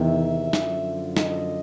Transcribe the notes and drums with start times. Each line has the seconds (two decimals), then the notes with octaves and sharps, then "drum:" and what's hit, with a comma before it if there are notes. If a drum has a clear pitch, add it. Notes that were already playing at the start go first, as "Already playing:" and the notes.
Already playing: E2 C3 D#3 E5
0.53 F#2 D3 F3, drum: snare
1.17 D#5, drum: snare